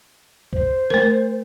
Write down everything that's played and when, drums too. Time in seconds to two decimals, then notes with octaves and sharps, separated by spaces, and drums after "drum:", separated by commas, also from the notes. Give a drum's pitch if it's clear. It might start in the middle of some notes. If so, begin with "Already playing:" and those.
0.53 C5, drum: kick C2
0.90 A3 A#4, drum: snare